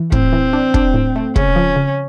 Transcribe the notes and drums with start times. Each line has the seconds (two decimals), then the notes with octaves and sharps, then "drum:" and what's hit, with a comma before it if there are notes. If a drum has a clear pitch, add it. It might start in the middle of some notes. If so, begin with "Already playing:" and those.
Already playing: E3
0.12 A2 C4, drum: kick
0.33 E3
0.53 D4
0.74 D4, drum: kick
0.94 A2
1.16 A3
1.36 C#3 C#4, drum: kick
1.56 F3
1.76 C#3